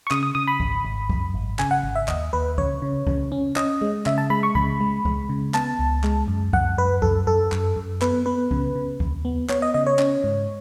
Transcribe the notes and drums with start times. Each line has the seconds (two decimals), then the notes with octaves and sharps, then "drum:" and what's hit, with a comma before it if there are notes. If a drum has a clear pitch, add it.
0.07 C#6
0.11 C#3 D#6, drum: clap
0.23 D#6
0.35 C#3 D#6
0.47 B5
0.60 G#1, drum: kick C#2
0.85 G#1
1.10 F#2, drum: kick C#2
1.34 G#1
1.59 C#3 G#5, drum: clap
1.71 F#5
1.83 G#1
1.95 E5
2.08 D#2 D#5, drum: clap
2.33 D#2 B4
2.58 C#3 C#5, drum: kick C#2
2.82 C#3
3.07 C#3, drum: kick C#2
3.32 C#4
3.56 C#4 D#5, drum: clap
3.81 G#3
4.06 C#3 E5, drum: clap
4.18 A5
4.30 G#3 B5
4.43 C#6
4.55 C#3 B5, drum: kick C#2
4.80 G#3
5.05 G#3, drum: kick C#2
5.29 C#3
5.54 B3 A5, drum: clap
5.79 C#2
6.04 G#3, drum: clap
6.28 F#2
6.53 F#2 F#5, drum: kick C#2
6.78 F#2 B4
7.02 F#2 A4, drum: kick C#2
7.27 F#2 A4
7.52 F#2, drum: clap
7.76 F#2
8.01 B3 B4, drum: clap
8.26 B3 B4
8.51 C#3, drum: kick C#2
8.75 C#3
9.00 D#2, drum: kick C#2
9.25 B3
9.49 B3 C#5, drum: clap
9.62 D#5
9.74 C#3 D#5
9.87 C#5
9.99 C#4, drum: clap
10.24 G#2